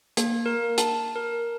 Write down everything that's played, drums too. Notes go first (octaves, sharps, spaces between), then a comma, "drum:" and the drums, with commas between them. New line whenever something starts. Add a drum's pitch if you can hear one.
A#3, drum: hi-hat
A#4
A5, drum: hi-hat
A#4